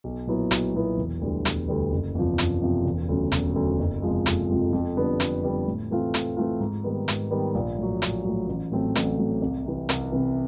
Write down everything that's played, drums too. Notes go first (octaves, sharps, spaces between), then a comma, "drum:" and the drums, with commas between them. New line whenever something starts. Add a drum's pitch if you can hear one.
B1
A#2 F#3 B3 E4
B1, drum: hi-hat
A#2 F#3 B3 E4
E1
D2 D3 G3 B3
E1, drum: hi-hat
D2 D3 G3 B3
F#1
E2 C3 F3
F#1, drum: hi-hat
E2 C3 F3
E1
D2 C#3 F#3
E1, drum: hi-hat
D2 C#3 F#3
F#1
F2 C3 F3 G#3
F#1, drum: hi-hat
F2 C3 F3 G#3
F2
D3 G3 B3 D4
F2, drum: hi-hat
D3 G3 B3 D4
A2
E3 A3 C4 F4
A2, drum: hi-hat
E3 A3 C4 F4
G#2
D#3 G3 B3
G#2, drum: hi-hat
D#3 G3 B3
A#1
A2 F#3
A#1, drum: hi-hat
A2 F#3
A1
A2 F#3 A3 C4
A1, drum: hi-hat
A2 F#3 A3 C4
C2
C3 E3
C2, drum: hi-hat
C3 E3